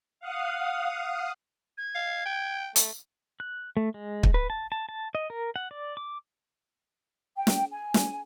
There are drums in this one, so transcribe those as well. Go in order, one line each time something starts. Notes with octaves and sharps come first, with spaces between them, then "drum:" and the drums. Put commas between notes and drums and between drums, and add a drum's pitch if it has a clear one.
F5 F#5 D#6
G#6
F5
G5
A3, drum: hi-hat
F#6
A3
G#3
drum: kick
B4
A5
A5
A5
D#5
A#4
F#5
D5
D6
G5
drum: snare
G#5
drum: snare